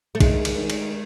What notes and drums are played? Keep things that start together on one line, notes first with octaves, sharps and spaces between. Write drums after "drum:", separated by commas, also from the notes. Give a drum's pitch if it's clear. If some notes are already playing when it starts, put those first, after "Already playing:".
A3
D#3 G#3, drum: kick, cymbal
drum: cymbal
D#3
drum: cymbal